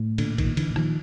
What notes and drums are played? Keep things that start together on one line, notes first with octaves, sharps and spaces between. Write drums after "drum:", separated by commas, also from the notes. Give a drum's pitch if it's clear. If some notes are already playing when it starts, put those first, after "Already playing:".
Already playing: A2
A#2 D3, drum: cymbal
D#3, drum: kick A1, cymbal
A#2
D3 E3, drum: cymbal
A#2
D#3 F3, drum: rim click